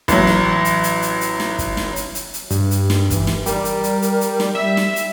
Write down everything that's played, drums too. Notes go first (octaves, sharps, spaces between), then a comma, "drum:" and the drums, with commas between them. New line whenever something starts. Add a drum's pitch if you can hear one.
A1 F#3, drum: kick, hi-hat
drum: snare
drum: hi-hat
drum: hi-hat
drum: hi-hat
drum: hi-hat
drum: snare
drum: kick, hi-hat
drum: snare
drum: hi-hat
drum: hi-hat
drum: hi-hat
G2, drum: hi-hat
drum: hi-hat
drum: snare
E3, drum: kick, hi-hat
drum: snare
G3 A#4, drum: hi-hat
drum: hi-hat
drum: hi-hat
drum: hi-hat
drum: hi-hat
drum: snare
G3 E5
drum: snare
drum: hi-hat